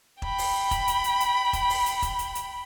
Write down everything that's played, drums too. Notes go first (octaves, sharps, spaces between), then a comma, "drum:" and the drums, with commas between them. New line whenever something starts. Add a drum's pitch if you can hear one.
G5 B5, drum: kick E1
drum: open hi-hat
drum: kick E1, hi-hat
drum: hi-hat
drum: hi-hat
drum: hi-hat
drum: kick E1, hi-hat
drum: open hi-hat
drum: hi-hat
drum: kick E1, hi-hat
drum: hi-hat
drum: hi-hat